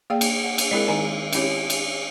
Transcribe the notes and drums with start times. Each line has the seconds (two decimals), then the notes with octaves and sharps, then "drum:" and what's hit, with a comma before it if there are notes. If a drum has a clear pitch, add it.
0.10 A#3 G#4 D5 F5 G5
0.21 drum: cymbal
0.43 F#5
0.58 drum: cymbal
0.71 G#3 C4 E4 G#4 A#4
0.88 D#3 G#3 D#4 G#5 A#5
1.33 C4 C#4 E4 G4 C#5, drum: cymbal
1.70 drum: cymbal